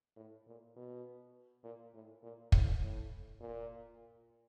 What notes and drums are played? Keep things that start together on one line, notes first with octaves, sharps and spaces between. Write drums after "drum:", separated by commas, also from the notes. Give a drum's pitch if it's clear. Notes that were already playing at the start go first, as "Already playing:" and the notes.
A2
A#2
B2
A#2
A2
A#2
A2, drum: kick
A2
A#2